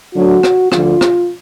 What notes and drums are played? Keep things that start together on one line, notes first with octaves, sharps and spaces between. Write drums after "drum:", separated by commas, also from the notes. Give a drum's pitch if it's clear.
D2 D3 F#3 F#4
drum: rim click
D2 D3 F3 F4, drum: rim click
drum: rim click